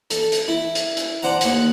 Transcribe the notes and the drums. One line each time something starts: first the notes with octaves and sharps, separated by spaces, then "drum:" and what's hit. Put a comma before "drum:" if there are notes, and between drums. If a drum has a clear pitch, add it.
A4, drum: hi-hat
drum: hi-hat
E4
drum: hi-hat
drum: hi-hat
D4 C5 F#5 A#5
D#2 F#5, drum: hi-hat